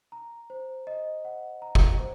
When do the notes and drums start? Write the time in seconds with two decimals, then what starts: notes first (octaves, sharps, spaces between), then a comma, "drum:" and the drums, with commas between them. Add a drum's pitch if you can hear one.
0.12 A#5
0.50 C5
0.87 D#5
1.25 F#5
1.62 A#5
1.75 drum: kick G1
1.99 C5